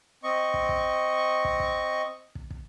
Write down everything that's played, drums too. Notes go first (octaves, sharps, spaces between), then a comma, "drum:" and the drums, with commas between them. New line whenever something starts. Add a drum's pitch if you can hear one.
C4 D#5 C#6
drum: kick
drum: kick
drum: kick
drum: kick
drum: kick
drum: kick